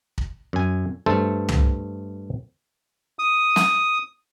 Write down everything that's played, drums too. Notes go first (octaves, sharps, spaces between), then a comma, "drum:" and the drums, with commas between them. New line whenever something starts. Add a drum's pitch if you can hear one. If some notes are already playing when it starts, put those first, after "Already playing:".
drum: kick
F#2 G#5
G2 A3 A4 C5 A5
drum: tom
D#6
drum: snare